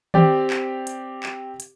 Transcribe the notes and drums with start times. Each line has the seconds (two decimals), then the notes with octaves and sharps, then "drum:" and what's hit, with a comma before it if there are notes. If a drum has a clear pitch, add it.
0.14 C4 G4 D5, drum: tom D#3
0.50 drum: clap
0.87 drum: hi-hat
1.23 drum: clap
1.60 drum: hi-hat